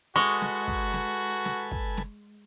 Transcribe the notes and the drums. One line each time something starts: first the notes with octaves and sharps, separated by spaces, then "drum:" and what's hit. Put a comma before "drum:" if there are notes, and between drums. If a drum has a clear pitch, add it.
G#3 F#4 A4 B4 G#5 C#6
drum: snare
drum: kick
drum: snare
drum: snare
drum: kick
drum: snare